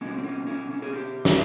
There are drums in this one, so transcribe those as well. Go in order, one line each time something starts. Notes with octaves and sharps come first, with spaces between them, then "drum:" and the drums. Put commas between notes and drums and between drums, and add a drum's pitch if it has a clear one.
B2 G#3 C#4
C4
C#4
C#4
C#4
G#4
G4
drum: snare